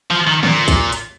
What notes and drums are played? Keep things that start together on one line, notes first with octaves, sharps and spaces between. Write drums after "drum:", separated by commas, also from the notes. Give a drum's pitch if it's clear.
F3
D#3
A#2, drum: tom D3
drum: kick A#1, hi-hat
drum: hi-hat